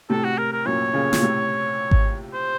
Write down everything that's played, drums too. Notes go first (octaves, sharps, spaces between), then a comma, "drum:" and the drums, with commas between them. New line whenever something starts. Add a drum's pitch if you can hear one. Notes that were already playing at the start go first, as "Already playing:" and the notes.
A2 C3 A4
F#4
A#4
A#4
F#2 A#2 C#5
A#2 C#3
A#2, drum: snare
A2 C3
drum: kick G#1
C5